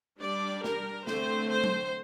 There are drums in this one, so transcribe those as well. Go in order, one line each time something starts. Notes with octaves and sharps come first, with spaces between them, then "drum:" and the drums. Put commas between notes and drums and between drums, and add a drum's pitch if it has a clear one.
G3 D4 D5
A#4, drum: snare
D3 A3 C4 C5, drum: snare
C5
drum: tom F#3